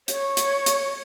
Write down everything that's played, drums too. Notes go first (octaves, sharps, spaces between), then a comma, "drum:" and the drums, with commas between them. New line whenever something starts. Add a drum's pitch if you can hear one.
C#5, drum: hi-hat
drum: hi-hat
drum: hi-hat